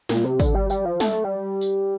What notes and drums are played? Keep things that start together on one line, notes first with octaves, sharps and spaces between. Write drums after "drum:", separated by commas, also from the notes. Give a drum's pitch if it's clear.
A#2, drum: snare
C3
D3, drum: kick, tambourine
G3
G3, drum: tambourine
F3
A3, drum: snare
G3
drum: tambourine